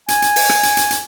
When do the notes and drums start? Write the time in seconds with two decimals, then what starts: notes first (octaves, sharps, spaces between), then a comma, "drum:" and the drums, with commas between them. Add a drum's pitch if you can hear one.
0.08 G#5, drum: hi-hat
0.22 drum: hi-hat
0.36 drum: open hi-hat
0.49 drum: rim click
0.63 drum: hi-hat
0.77 drum: hi-hat
0.91 drum: hi-hat